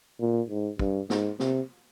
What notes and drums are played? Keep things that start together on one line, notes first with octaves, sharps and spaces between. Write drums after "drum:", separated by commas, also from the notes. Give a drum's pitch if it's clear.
A#2
G#2
G2, drum: kick
G#2, drum: snare
C3, drum: snare